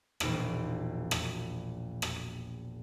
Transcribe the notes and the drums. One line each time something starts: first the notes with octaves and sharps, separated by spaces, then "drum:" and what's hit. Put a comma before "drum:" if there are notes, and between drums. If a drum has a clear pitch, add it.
E1 A#1 D#4 F6 D7 E7, drum: rim click
drum: rim click
drum: rim click